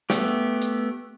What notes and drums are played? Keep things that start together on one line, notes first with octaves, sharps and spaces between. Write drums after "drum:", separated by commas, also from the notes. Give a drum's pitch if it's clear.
A3 B3 G4, drum: snare
drum: hi-hat